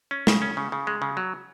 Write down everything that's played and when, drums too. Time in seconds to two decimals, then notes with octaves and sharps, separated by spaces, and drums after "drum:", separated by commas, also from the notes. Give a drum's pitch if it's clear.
0.11 C#4
0.27 C#3, drum: snare
0.42 C#4
0.57 C#3
0.72 C#3
0.87 G#3
1.02 C#3
1.17 F#3